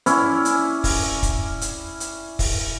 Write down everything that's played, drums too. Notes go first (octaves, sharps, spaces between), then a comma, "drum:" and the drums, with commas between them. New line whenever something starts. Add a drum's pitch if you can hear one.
C#4 E4 D5, drum: hi-hat
drum: hi-hat
drum: kick, open hi-hat
drum: kick, hi-hat
drum: hi-hat
drum: hi-hat
drum: kick, open hi-hat